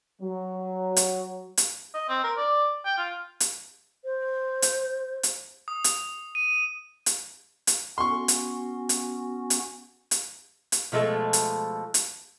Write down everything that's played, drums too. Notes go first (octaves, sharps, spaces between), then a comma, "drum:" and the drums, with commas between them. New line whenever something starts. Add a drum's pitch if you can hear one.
F#3
drum: hi-hat
drum: hi-hat
D#5
C4
A#4
D5
G5
F4
drum: hi-hat
C5
drum: hi-hat
drum: hi-hat
D#6
drum: hi-hat
D#7
drum: hi-hat
drum: hi-hat
B3 C#4 F#4 C6 C#6
drum: hi-hat
drum: hi-hat
drum: hi-hat
drum: hi-hat
drum: hi-hat
B2 F3 G#3 A3 A4
drum: hi-hat
drum: hi-hat